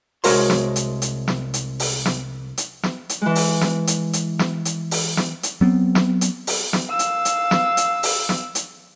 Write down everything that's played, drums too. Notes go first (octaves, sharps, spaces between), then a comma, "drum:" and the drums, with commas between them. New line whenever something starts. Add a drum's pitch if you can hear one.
C2 G#3 F#4 A#4 C#5 C6, drum: open hi-hat
drum: snare
drum: hi-hat
drum: hi-hat
drum: snare
drum: hi-hat
drum: open hi-hat
drum: snare
drum: hi-hat
drum: snare
drum: hi-hat
E3 G#3
drum: open hi-hat
drum: snare
drum: hi-hat
drum: hi-hat
drum: snare
drum: hi-hat
drum: open hi-hat
drum: snare
drum: hi-hat
F#3 B3 C4
drum: snare
drum: hi-hat
drum: open hi-hat
drum: snare
F5 E6
drum: hi-hat
drum: hi-hat
drum: snare
drum: hi-hat
drum: open hi-hat
drum: snare
drum: hi-hat